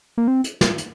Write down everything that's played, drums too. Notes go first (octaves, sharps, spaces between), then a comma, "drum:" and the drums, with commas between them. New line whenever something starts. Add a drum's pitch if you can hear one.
A#3
C4
drum: hi-hat
drum: snare
drum: hi-hat